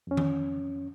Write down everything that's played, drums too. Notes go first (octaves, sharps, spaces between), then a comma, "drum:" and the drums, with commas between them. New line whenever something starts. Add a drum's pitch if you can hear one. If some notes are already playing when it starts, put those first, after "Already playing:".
F2 C#4
drum: tom D#3